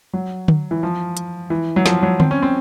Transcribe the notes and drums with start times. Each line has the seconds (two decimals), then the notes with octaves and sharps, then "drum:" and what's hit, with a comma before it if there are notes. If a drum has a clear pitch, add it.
0.13 F#3
0.48 drum: tom D3
0.71 E3
0.83 F3
1.17 drum: hi-hat
1.50 E3
1.76 F#3
1.86 F3, drum: snare
2.03 F#3
2.20 C4, drum: tom D3
2.31 C#4
2.43 C4